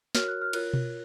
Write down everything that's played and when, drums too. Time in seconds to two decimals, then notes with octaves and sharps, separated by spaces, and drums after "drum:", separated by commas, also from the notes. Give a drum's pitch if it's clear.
0.15 F#4 A#4 C#5 F6, drum: snare
0.28 F#6
0.42 F6
0.53 F4 A#4 C#5 F#6, drum: cymbal
0.73 drum: tom B2